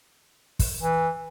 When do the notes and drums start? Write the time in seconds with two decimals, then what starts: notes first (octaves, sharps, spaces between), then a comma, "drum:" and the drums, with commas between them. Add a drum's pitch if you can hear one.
0.59 drum: kick, open hi-hat
0.82 E3